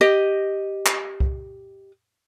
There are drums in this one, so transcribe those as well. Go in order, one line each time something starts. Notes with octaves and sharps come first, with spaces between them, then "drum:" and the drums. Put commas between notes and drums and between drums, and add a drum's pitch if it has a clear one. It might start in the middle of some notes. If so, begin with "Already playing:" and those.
G4 D#5
drum: clap
drum: kick C2